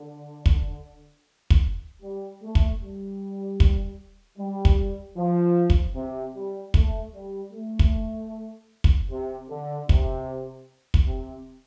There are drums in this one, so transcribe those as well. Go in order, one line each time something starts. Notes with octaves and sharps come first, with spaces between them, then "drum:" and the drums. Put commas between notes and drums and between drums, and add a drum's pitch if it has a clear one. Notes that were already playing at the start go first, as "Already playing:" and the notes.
Already playing: D3
drum: kick
drum: kick
G3
A3
drum: kick
G3
drum: kick
G3
drum: kick
F3
drum: kick
C3
G3
A3, drum: kick
G3
A3
drum: kick
drum: kick
C3
D3
C3, drum: kick
drum: kick
C3